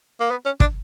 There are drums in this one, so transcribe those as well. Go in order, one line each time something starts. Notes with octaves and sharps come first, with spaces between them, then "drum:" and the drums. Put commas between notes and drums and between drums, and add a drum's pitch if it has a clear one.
A#3
B3
C#4
D4, drum: kick